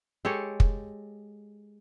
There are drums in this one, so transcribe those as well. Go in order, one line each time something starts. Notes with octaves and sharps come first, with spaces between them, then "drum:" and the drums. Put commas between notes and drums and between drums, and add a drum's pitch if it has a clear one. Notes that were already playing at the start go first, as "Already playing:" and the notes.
G#3 G4 A4 C#5
drum: kick